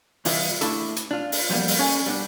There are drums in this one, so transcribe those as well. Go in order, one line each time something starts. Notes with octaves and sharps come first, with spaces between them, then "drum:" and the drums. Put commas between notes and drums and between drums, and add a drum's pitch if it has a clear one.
C2 C3 E3 F4 D#5 E5, drum: open hi-hat
A3 D4 E4 A4, drum: hi-hat
drum: hi-hat
D4 F4
drum: open hi-hat
F#2 F3 G3 A#3 B3
drum: open hi-hat
C#4 A4 G#5
G3 B3 D4